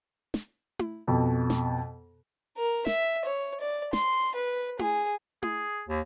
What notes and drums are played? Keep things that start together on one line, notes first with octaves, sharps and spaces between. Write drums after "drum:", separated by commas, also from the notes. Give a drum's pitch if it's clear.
drum: snare
drum: tom E4
F2 B2
drum: snare
A#4
E5, drum: snare
C#5
D5
C6, drum: snare
B4
G#4, drum: tom E4
G#4, drum: tom E4
D#2